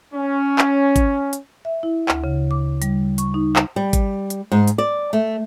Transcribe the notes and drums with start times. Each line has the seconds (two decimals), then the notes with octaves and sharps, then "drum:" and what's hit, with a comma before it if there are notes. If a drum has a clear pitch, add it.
0.14 C#4
0.58 drum: clap
0.96 drum: kick G#1, hi-hat
1.33 drum: hi-hat
1.65 E5
1.83 E4
2.08 D2, drum: clap
2.24 C#3
2.51 D6
2.82 G3, drum: hi-hat
3.18 C#6, drum: hi-hat
3.34 D#4
3.56 drum: clap
3.76 G3
3.93 drum: kick G#1, hi-hat
4.30 drum: hi-hat
4.52 G#2
4.68 drum: hi-hat
4.78 D5
5.13 A3